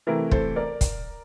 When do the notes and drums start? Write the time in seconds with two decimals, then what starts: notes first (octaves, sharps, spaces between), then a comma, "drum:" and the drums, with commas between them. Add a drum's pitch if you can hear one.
0.07 C3 E3 A3 E4 A#4
0.31 A4 C5, drum: kick
0.56 A#4 D5
0.81 drum: kick, hi-hat